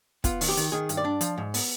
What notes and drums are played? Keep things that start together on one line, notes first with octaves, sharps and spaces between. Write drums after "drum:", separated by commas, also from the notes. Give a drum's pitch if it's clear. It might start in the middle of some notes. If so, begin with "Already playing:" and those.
B3 F4, drum: kick, hi-hat
D#3, drum: open hi-hat
G4
D#3, drum: hi-hat
D#3 G#4
G2, drum: hi-hat
D5
D4
F3, drum: hi-hat
G#2
B3, drum: open hi-hat